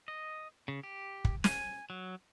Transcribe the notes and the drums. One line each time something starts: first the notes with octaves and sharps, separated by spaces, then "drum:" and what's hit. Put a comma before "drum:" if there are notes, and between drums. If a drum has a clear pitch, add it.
D#5
C#3
G4
drum: kick
G#5, drum: snare
F#3